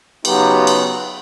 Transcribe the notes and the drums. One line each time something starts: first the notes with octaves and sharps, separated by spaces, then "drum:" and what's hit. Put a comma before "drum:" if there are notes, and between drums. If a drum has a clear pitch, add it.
C#3 F#3 B3 D#4 F4 G4, drum: cymbal
drum: cymbal